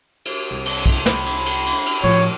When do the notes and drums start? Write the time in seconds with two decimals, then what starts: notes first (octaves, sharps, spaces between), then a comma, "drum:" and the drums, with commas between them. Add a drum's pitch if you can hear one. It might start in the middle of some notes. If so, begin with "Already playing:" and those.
0.25 drum: cymbal
0.51 C2
0.66 drum: cymbal
0.86 drum: kick, cymbal
1.06 B5, drum: snare
1.26 drum: cymbal
1.46 drum: cymbal
1.66 drum: cymbal
1.86 drum: cymbal
2.03 A2 F3 C#5